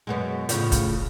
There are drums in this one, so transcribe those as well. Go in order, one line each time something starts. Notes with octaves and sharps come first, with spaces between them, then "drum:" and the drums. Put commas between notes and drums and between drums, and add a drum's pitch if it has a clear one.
F#2 B2 G#3
A2 C#3 F3, drum: hi-hat
drum: kick, hi-hat